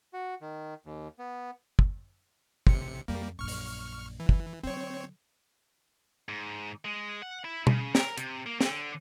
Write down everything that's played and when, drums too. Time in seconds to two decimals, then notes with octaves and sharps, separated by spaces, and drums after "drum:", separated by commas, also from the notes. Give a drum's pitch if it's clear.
0.13 F#4
0.41 D#3
0.86 D#2
1.19 B3
1.79 drum: kick
2.67 A1 C3 C#7, drum: kick
3.08 F2 G3 A#3
3.39 A#1 F#2 C#6 F6
3.48 drum: open hi-hat
4.20 E3
4.29 drum: kick
4.63 D3 F#3 C4 C#5
6.29 G#2
6.85 G#3
7.22 F#5
7.44 E4
7.67 C#3, drum: tom B2
7.95 A#4, drum: snare
8.18 C3, drum: hi-hat
8.46 A#3
8.61 D3, drum: snare